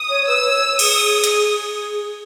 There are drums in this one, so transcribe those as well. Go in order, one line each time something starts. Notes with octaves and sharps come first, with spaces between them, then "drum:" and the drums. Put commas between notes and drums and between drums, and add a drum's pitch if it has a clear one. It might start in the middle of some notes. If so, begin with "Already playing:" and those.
Already playing: D#6
C#5
B4 E6
C#5
G#4 D#6, drum: cymbal
drum: hi-hat